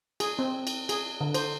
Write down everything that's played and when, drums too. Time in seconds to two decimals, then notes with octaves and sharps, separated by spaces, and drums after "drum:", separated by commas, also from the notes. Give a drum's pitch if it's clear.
0.20 G#4, drum: cymbal
0.39 C4
0.67 drum: cymbal
0.89 G#4, drum: cymbal
1.21 D3
1.34 C5, drum: cymbal